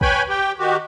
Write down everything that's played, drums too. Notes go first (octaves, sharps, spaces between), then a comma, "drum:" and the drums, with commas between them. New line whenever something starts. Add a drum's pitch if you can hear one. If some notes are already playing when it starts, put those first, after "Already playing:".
B4 C#5 G5 G#5 B5, drum: kick
G4 G5
D#3 F#4 G4